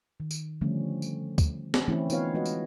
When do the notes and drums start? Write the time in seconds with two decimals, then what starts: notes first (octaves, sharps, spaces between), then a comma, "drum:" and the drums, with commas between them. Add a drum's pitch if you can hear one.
0.20 D#3
0.31 drum: tambourine
0.61 D3 F3 G3 A3 C#4
1.02 drum: tambourine
1.38 drum: kick, tambourine
1.74 drum: snare
1.88 E3 A3 C4 C#4 E4
2.10 B3 D#4 F4 B4 C#5 F5, drum: tambourine
2.34 G#3 F#4 B4 D#5
2.46 drum: tambourine